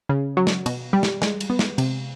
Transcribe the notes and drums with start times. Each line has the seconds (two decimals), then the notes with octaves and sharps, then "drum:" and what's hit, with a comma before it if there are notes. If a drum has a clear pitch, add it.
0.09 C#3
0.37 F#3
0.47 drum: snare
0.66 B2, drum: cymbal
0.93 G3
1.03 drum: snare
1.22 G#3, drum: snare
1.40 drum: cymbal
1.50 B3
1.59 drum: snare
1.78 C3, drum: cymbal